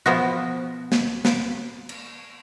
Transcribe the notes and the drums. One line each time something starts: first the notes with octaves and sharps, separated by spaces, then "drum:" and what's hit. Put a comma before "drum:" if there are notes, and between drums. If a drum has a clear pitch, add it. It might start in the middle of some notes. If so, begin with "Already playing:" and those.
B2 F3 B3 F#4
drum: snare
drum: snare
drum: cymbal